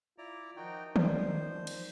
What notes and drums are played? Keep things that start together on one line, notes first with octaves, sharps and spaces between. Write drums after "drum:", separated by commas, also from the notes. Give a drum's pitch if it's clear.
E4 F4 D5 A#5
D#3 F3 D#4 F#4 G5
F3 C5 D5, drum: tom D#3
drum: cymbal